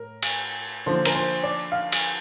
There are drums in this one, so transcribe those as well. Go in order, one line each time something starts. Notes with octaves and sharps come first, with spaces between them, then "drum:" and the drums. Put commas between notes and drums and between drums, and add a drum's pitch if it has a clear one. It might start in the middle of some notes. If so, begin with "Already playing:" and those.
Already playing: A2 A#4
drum: cymbal
D3 F3 A#3 D4 C5
A#4, drum: cymbal
C5
D5
F5
drum: cymbal